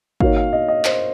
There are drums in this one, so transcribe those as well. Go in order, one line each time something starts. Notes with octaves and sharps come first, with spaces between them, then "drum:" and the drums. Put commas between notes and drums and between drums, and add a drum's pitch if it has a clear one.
A#3 D#4 F#4 A#4 C#5 F5, drum: kick G#1
F5
D#5
D#5
C5, drum: clap